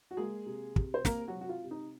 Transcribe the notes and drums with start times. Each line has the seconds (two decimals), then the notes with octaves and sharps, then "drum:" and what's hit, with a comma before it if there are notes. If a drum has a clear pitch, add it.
0.11 F#4
0.17 G#3 A#3 G#4
0.46 C3
0.76 C3, drum: kick
0.94 C5
1.05 A#3 C4 A#4, drum: snare
1.28 F#3 F#4
1.34 C3
1.41 F#4
1.49 F4
1.64 C3
1.71 D#4